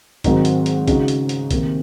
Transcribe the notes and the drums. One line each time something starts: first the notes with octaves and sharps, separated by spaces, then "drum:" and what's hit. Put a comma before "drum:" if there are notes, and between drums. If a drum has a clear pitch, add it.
G#2 D#3 F#3 C4 D#4, drum: kick A#1, hi-hat
drum: hi-hat
drum: hi-hat
C#3 G#3 D#4 F#4, drum: kick A#1, hi-hat
drum: hi-hat
drum: hi-hat
C3 D#3 A#3, drum: kick A#1, hi-hat